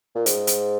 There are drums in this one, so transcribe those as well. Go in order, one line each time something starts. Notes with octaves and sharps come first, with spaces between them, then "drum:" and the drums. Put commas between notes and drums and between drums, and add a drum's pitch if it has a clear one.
A#2
G#2, drum: hi-hat
drum: hi-hat